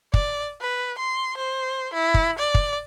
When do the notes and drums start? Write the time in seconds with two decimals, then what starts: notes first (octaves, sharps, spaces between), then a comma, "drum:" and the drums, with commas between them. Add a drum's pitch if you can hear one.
0.14 D5, drum: kick
0.61 B4
0.98 C6
1.37 C5
1.94 E4
2.14 drum: kick
2.39 D5
2.55 drum: kick